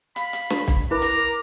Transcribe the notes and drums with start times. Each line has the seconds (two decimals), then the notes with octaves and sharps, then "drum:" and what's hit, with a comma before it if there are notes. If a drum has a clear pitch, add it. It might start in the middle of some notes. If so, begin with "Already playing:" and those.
0.16 F5 B5, drum: hi-hat
0.33 drum: hi-hat
0.50 drum: snare
0.68 drum: kick, hi-hat
0.91 E4 A#4 B4 A#5 B5 D6
1.02 drum: hi-hat
1.16 A#4